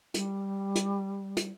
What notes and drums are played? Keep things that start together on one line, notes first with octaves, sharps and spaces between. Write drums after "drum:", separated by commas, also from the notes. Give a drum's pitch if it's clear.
G3, drum: hi-hat
drum: hi-hat
drum: hi-hat